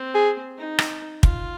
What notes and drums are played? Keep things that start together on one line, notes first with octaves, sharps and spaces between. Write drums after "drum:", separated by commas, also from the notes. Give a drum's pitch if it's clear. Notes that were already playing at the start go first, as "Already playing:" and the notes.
Already playing: C4
G#4
D#4
drum: rim click
F4, drum: kick